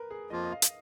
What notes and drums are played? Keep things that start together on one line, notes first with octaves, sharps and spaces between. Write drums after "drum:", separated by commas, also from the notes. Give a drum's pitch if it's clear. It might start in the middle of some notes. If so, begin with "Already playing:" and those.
Already playing: A#4 B4
G#4
F2 F3 A#3 F4 D#5
D#5
F5
drum: hi-hat